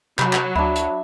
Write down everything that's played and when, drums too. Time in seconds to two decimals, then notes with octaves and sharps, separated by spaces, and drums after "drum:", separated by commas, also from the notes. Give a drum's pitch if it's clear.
0.19 C3 F#3 B5, drum: clap
0.33 drum: clap
0.56 D2 D4 E5 B5
0.76 drum: hi-hat